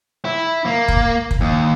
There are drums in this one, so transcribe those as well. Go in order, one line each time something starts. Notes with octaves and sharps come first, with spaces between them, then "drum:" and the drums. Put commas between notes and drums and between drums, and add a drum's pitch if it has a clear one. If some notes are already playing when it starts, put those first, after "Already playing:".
E4
A#3
drum: kick
drum: kick
D#2